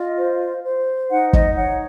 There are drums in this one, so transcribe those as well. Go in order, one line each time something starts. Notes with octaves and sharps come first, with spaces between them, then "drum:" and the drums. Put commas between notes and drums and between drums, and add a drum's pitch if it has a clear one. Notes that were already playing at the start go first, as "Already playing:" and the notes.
Already playing: F4 D#5
C5
C5
D#4 F#5
D#5, drum: kick
C#5 F#5